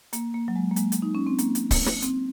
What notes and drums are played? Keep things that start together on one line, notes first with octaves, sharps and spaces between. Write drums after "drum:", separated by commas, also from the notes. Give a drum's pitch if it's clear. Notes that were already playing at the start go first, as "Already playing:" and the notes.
A#3, drum: hi-hat
A#3
F#3
G#3
A#3
G#3, drum: hi-hat
drum: hi-hat
D#4
C#4
C4
A#3, drum: hi-hat
drum: hi-hat
drum: kick C#1, open hi-hat
drum: snare
C4, drum: hi-hat